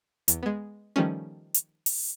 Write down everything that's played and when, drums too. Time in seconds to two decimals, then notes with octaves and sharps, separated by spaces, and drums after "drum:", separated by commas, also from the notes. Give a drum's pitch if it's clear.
0.28 E2, drum: hi-hat
0.43 G#3 B3
0.96 D#3 F3 G3 A3 C#4
1.54 drum: hi-hat
1.86 drum: open hi-hat